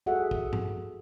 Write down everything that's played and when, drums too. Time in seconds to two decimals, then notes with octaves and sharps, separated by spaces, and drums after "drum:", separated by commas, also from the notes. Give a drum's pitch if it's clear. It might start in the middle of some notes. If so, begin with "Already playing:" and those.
0.06 F#4 G#4 A4 E5 F#5
0.31 drum: kick
0.53 drum: tom G2